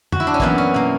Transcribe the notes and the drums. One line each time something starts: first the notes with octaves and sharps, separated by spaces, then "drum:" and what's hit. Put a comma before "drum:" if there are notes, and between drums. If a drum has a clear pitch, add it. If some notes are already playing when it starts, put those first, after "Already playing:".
F#4, drum: tom
E4
D4
C#4
F#2 E3 A#3 B3, drum: kick
C#4
B2 A#3